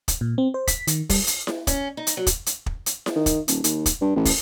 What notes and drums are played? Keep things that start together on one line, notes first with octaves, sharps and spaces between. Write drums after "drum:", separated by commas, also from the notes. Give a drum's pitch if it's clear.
drum: kick, hi-hat
A#2
C4
C5
B6, drum: kick, hi-hat
D#3, drum: hi-hat
G3, drum: kick, open hi-hat
drum: hi-hat
drum: snare E4
C#4, drum: kick, hi-hat
D#4
drum: hi-hat
F#3
drum: kick, hi-hat
drum: hi-hat
drum: kick
drum: hi-hat
drum: snare E4
D#3
drum: kick, hi-hat
D#1, drum: hi-hat
D#2, drum: hi-hat
drum: kick, hi-hat
G2
A1
drum: kick, open hi-hat